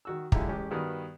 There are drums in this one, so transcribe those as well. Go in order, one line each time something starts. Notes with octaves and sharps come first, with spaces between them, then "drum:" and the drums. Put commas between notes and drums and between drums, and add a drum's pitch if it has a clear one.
D#3 F#4 E6
D3 G#3 E4 F4 G4 A#5, drum: kick
A1 G#3 C#4 G4
G2 D#3 B3 F#4 D#6